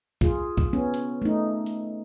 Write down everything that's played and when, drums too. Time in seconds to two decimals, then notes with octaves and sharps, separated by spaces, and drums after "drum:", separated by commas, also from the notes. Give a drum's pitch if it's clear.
0.21 F4 G#4, drum: kick C2, hi-hat
0.58 drum: kick C2
0.73 B3 C#4
0.94 drum: hi-hat
1.22 A3 D#4
1.66 drum: hi-hat